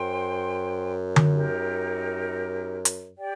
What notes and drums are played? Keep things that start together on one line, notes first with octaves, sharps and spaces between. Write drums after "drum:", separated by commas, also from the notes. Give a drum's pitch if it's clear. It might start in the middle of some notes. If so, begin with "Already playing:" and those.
Already playing: F#2 C5 G5 C6
drum: tom D3
D#4 G4 A#4
drum: hi-hat
G4 D5 G5